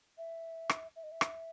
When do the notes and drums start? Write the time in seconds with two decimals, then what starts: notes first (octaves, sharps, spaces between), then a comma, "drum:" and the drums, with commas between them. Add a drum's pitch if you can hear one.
0.18 E5
0.69 drum: rim click
0.96 E5
1.03 D#5
1.11 E5
1.21 drum: rim click